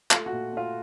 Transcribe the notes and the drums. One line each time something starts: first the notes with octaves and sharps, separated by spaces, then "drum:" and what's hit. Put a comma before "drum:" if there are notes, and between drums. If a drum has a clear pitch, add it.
A3 F4, drum: clap
F#4
A#2
A3 F4